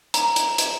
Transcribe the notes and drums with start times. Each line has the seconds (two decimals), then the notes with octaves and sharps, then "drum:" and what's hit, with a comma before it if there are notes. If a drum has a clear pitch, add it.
0.14 A#5, drum: hi-hat
0.36 drum: hi-hat
0.58 drum: hi-hat